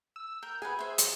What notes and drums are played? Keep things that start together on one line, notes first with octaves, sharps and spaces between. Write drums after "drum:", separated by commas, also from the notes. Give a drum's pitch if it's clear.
E6
A#4 G6
G#4 B4 F#5 G#5
C5 E5
C6, drum: hi-hat